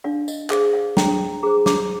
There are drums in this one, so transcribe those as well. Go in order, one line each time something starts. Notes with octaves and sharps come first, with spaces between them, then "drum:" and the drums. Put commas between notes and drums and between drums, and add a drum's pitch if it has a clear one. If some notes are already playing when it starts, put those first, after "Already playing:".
D4 D5 F5
D#5, drum: tambourine
G#4 C5 D5 F5, drum: clap
D5 F5
D4 G5 A#5, drum: snare
G#4 C5 A#5 D6
A#5 D6, drum: snare